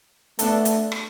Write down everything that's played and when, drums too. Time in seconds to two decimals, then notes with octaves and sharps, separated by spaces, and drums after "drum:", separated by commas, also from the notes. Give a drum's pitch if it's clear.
0.39 A3 B3 D4 A4, drum: hi-hat
0.65 drum: hi-hat
0.92 drum: rim click